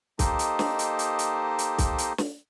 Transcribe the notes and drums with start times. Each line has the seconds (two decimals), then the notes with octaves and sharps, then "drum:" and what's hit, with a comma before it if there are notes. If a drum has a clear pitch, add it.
0.19 A#3 D#4 G4 A4 C5 D#5, drum: kick C2, hi-hat
0.39 drum: hi-hat
0.59 drum: snare
0.79 drum: hi-hat
0.99 drum: hi-hat
1.19 drum: hi-hat
1.59 drum: hi-hat
1.78 drum: kick C2, hi-hat
1.98 drum: hi-hat
2.18 drum: snare